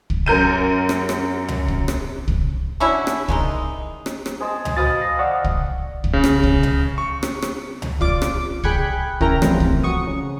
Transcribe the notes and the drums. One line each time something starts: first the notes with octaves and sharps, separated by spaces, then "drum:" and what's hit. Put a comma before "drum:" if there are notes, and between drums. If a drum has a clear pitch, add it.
drum: kick
F#2 A#4 G6 D#7
drum: rim click
drum: rim click
drum: tom C#2
drum: kick
drum: rim click
drum: kick
C#4 D4 E4 F#4
drum: rim click
D#3 G#3 D#4, drum: kick
drum: rim click
drum: rim click
G#4 C5 D#5 A5 C6
drum: tom C#2
F#4 C5 D#5 F5 B5 D#6 A6
A#6
D5 F#5 C#6 D#6
drum: kick
drum: kick
C#3
drum: rim click
drum: kick
drum: tom C#2
C#6
drum: rim click
drum: rim click
drum: tom C#2
F4 D5 D6, drum: kick
drum: rim click
G#4 G5 B5 F#6 G#6 C#7, drum: kick
C#4 E4 A#4 G5 A#5, drum: kick
E3 F3 G3 A3 C4, drum: rim click
drum: kick
F#4 C#6 D#6
C#3